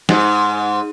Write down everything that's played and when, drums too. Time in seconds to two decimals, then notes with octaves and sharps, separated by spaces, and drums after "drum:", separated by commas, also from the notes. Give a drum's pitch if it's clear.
0.09 G#2, drum: snare